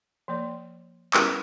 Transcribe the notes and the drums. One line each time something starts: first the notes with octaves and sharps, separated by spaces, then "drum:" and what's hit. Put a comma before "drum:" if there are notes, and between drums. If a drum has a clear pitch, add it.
F3 A#3 D5
G3 B3 C#4 E4 A#4, drum: clap